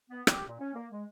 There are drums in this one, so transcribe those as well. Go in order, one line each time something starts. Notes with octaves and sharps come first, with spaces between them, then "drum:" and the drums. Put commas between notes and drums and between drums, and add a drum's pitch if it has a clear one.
B3
G4, drum: rim click
A#2
C#4
A#3
G#3